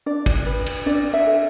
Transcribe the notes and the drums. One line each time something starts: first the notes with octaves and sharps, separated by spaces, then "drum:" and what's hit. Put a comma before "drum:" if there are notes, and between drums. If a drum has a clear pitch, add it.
D4 D5
drum: kick, cymbal
B4
drum: cymbal
D4 D5
E5
A4